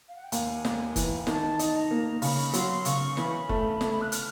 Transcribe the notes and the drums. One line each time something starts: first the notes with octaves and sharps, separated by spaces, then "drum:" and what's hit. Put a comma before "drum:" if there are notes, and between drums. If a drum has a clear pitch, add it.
F5
F#5
G5
D#2 G#5, drum: hi-hat
D#2, drum: snare
E3, drum: kick F#1, hi-hat
D#3 A5, drum: snare
D#4, drum: hi-hat
A5
A#5
A#3
C#3 B5, drum: open hi-hat
F#3 C6, drum: hi-hat
C#3 C#6, drum: hi-hat
E3 B5, drum: snare
A3, drum: kick F#1
A3, drum: snare
F#6
F6, drum: hi-hat